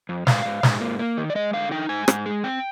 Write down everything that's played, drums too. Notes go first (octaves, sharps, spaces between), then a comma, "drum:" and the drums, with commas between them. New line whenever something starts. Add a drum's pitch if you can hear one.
F2
G#2 F5, drum: snare
G#2
G#2, drum: snare
A#3
A#3
D#3
D5
G#3 D#5
D3 F5
D#4 G5
G#2 G#5
G#2, drum: rim click
G#3
C4 G5